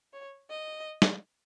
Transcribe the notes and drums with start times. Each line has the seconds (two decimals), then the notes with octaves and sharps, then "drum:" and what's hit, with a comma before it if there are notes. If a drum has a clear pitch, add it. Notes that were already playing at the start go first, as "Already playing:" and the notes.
0.13 C#5
0.50 D#5
1.02 drum: snare